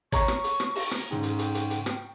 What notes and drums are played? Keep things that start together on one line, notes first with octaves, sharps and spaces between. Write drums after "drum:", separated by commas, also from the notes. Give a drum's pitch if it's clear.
C#5 A#5 C#6, drum: kick, hi-hat
drum: rim click
drum: hi-hat
drum: rim click
drum: open hi-hat
drum: rim click
G#2 C#3 G5
drum: hi-hat
drum: hi-hat
drum: hi-hat
drum: hi-hat
drum: rim click